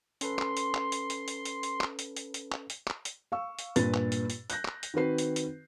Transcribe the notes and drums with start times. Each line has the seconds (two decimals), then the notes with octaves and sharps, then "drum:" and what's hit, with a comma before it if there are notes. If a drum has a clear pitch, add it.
0.21 C#4 A4 B4 C6, drum: hi-hat
0.39 drum: clap
0.57 drum: hi-hat
0.74 drum: clap
0.92 drum: hi-hat
1.10 drum: hi-hat
1.28 drum: hi-hat
1.45 drum: hi-hat
1.63 drum: hi-hat
1.81 drum: clap
1.99 drum: hi-hat
2.16 drum: hi-hat
2.34 drum: hi-hat
2.52 drum: clap
2.70 drum: hi-hat
2.88 drum: clap
3.05 drum: hi-hat
3.32 F5 C#6 E6
3.59 drum: hi-hat
3.76 G2 A#2 B4 A6, drum: hi-hat
3.94 drum: clap
4.12 drum: hi-hat
4.30 drum: hi-hat
4.50 F#6 G6 A#6, drum: hi-hat
4.65 drum: clap
4.83 drum: hi-hat
4.94 D#3 C4 F#4 B4 C7
5.18 drum: hi-hat
5.36 drum: hi-hat